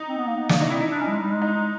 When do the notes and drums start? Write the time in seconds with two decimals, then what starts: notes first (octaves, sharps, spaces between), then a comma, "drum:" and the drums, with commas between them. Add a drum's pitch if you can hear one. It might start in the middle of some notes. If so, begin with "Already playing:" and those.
Already playing: D#4
0.09 C4
0.18 B3
0.27 A#3
0.37 B3
0.49 A#3 D4, drum: snare
0.60 A3 D#4
0.70 C4 E4
0.81 D#4
0.91 D4
1.01 C#4
1.07 G3
1.12 G#3
1.21 G3
1.31 G#3
1.42 D#4